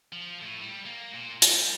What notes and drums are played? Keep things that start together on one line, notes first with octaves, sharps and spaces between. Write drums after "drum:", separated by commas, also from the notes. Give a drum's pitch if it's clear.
F3
A2
G3
A#3
A#2
G3, drum: hi-hat